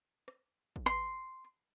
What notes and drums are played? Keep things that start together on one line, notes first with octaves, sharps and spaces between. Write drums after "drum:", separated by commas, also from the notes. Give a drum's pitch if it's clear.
drum: rim click
drum: kick
C6